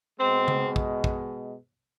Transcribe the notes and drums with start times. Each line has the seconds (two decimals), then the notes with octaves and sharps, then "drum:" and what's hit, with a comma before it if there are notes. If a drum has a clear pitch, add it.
0.19 B2 G#3 C4
0.48 drum: tom C#3
0.76 drum: kick
1.04 drum: kick